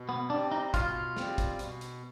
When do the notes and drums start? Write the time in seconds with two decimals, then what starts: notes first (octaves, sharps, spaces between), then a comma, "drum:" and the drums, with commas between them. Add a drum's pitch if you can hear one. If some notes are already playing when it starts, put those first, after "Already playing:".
Already playing: B2
0.09 B3
0.30 G3 C4 D4
0.51 D#4
0.74 B2 F4, drum: kick, hi-hat
1.17 G3 C4, drum: snare
1.38 drum: kick, hi-hat
1.59 B2, drum: hi-hat
1.81 drum: hi-hat